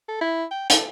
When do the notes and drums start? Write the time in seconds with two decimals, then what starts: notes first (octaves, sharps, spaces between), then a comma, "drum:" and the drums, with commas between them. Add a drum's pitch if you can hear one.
0.08 A4
0.21 E4
0.51 G5
0.70 A4, drum: hi-hat